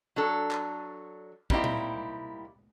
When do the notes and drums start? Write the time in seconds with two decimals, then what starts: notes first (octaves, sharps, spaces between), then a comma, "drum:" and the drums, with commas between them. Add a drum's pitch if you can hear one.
0.16 F#3 D4 A4
0.51 drum: clap
1.50 G3 A#3 C4 D#4 E4 G4, drum: kick
1.64 drum: tom A#2